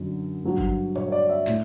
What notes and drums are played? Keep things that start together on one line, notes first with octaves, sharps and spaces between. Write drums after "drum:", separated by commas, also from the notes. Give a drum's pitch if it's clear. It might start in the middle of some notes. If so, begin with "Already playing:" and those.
Already playing: F#2 D3 F#3
G2 F#3
drum: kick G1
C#5, drum: tom A#2
C#5
D5
E5
A2, drum: clap